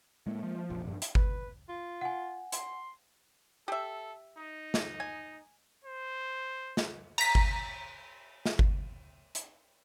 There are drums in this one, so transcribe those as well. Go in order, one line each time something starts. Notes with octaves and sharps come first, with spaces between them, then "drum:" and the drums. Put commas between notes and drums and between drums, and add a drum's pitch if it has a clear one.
A2 G#3 A#3
F3
F1 A#1
G2
drum: hi-hat
B4, drum: kick G1
F4
F#5 G#5
C6, drum: hi-hat
G4 A4 E5
D#4
drum: snare
G#5
C5
drum: snare
A#5 B6, drum: cymbal
drum: kick G1
drum: snare
drum: kick G1
drum: hi-hat